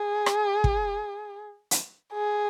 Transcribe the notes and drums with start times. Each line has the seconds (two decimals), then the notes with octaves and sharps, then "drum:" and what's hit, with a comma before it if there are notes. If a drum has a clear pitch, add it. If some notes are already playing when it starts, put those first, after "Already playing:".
Already playing: G#4
0.26 drum: rim click
0.64 drum: kick
1.71 drum: hi-hat
2.14 G#4